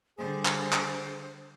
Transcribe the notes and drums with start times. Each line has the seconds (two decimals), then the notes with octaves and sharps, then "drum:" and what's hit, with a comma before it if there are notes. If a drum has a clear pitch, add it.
0.18 D3 G3 G#4 C5
0.45 drum: clap
0.73 drum: clap